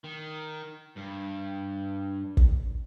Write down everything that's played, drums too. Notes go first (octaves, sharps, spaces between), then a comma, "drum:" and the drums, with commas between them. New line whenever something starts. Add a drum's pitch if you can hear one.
D#3
G2
drum: kick